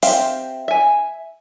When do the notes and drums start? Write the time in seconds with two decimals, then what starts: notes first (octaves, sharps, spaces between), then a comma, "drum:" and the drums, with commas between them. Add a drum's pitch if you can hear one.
0.03 C4 G4 C5 E5 F5, drum: open hi-hat
0.68 E5 G#5